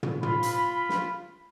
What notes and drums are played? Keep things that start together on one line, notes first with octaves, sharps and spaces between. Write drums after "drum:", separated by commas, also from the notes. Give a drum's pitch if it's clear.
drum: tom
F4 B5, drum: tom
drum: hi-hat
drum: snare